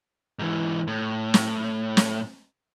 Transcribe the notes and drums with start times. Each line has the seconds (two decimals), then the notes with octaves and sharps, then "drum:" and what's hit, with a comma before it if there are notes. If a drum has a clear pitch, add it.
0.39 G#2 E3
0.87 A2
1.34 drum: snare
1.97 drum: snare